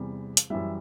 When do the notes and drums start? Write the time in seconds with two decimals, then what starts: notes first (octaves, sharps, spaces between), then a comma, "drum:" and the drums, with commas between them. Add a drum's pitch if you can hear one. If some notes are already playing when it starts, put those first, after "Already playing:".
Already playing: E2 C3 E3 G3
0.37 drum: hi-hat
0.50 F#2 E3 G3 E5